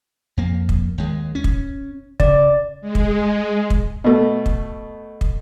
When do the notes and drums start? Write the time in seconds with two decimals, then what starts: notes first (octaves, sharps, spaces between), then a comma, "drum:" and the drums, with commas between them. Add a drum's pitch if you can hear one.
0.37 F2 A#3
0.69 drum: kick
0.98 D#2 G#3
1.35 C#4
1.44 drum: kick
2.20 C#3 D5, drum: kick
2.81 G#3
2.95 drum: kick
3.70 drum: kick
4.04 B2 A3
4.46 drum: kick
5.21 drum: kick